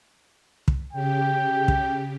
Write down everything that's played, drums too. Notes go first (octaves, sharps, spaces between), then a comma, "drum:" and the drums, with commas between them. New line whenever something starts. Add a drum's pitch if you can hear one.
drum: kick
C#3 G4 G5
drum: kick